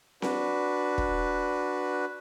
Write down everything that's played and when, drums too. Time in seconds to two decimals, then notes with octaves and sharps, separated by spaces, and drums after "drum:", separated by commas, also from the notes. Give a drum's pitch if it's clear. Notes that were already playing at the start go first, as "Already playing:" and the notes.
0.22 D4 F#4 B4, drum: snare C4
0.98 drum: kick